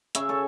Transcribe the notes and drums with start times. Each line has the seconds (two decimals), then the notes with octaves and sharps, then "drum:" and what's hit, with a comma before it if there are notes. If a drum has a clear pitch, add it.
0.15 C#3 C#5 E5, drum: hi-hat
0.29 A4 C#5